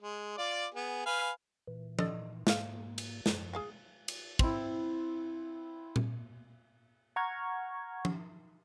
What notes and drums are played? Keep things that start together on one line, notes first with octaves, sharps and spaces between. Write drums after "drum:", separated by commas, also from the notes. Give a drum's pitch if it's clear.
G#3
F4 D5 D6
B3 G#4
B4 F5 G#5
A#2 E3
A4 D5 D#5, drum: tom F3
G#2 A#3 E5 F5, drum: snare
drum: cymbal
F#2 F3, drum: snare
G#4 F5 G#5
drum: cymbal
C4 E4, drum: kick
drum: tom A#2
F#5 A#5 C#6 F6 G#6
drum: tom F3